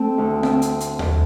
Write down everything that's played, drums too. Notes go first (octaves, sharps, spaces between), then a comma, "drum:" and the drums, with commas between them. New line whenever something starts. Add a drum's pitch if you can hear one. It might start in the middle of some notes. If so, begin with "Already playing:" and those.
Already playing: A3 C4
D2
C4, drum: rim click
drum: hi-hat
drum: hi-hat
drum: tom D#2